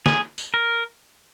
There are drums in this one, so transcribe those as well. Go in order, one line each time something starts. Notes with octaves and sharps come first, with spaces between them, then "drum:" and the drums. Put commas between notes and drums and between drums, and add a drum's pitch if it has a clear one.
G#4, drum: snare
drum: tambourine
A#4